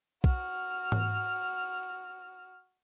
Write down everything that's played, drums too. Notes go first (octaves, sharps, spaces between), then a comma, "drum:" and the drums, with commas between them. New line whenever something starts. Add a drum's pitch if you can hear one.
F#4 F6, drum: kick
drum: tom G#2